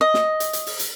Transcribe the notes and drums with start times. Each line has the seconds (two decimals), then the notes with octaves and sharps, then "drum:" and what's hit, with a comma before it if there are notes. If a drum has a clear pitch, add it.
0.01 D#5
0.14 drum: snare
0.40 drum: hi-hat
0.53 drum: hi-hat
0.66 drum: open hi-hat
0.79 drum: hi-hat